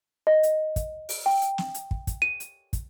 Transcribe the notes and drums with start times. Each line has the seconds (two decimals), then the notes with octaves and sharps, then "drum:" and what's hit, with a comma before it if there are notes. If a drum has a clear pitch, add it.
0.27 D#5
0.43 drum: hi-hat
0.76 drum: kick, hi-hat
1.09 drum: open hi-hat
1.26 G5
1.42 drum: hi-hat
1.58 drum: snare
1.74 drum: hi-hat
1.91 drum: kick
2.07 drum: kick, hi-hat
2.22 D#7
2.40 drum: hi-hat
2.73 drum: kick, hi-hat